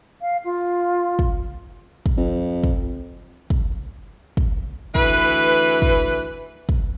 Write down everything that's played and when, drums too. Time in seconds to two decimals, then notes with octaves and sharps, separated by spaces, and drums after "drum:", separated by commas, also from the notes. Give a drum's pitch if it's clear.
0.22 F5
0.45 F4
1.19 drum: kick
2.06 drum: kick
2.17 F2
2.64 drum: kick
3.50 drum: kick
4.37 drum: kick
4.95 D2 E3 B4, drum: kick
5.82 drum: kick
6.69 drum: kick